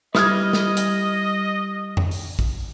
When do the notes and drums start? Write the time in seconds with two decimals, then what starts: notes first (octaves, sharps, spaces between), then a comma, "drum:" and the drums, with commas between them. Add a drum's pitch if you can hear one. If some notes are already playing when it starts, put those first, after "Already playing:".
0.15 G3 E4 B4 D#5 D#6 F6 G#6, drum: snare
0.53 drum: snare
0.77 drum: hi-hat
1.97 drum: tom F2
2.11 drum: open hi-hat
2.39 drum: kick